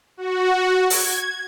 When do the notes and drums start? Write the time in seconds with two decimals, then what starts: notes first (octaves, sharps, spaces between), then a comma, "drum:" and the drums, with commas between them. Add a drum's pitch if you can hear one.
0.17 F#4
0.90 G#6, drum: open hi-hat